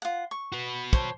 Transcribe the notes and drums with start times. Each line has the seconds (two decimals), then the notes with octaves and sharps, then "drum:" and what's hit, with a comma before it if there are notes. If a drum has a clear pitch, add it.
0.02 F4 F#5
0.31 C#6
0.53 F#4 B4
0.93 C5 C#5 A5, drum: kick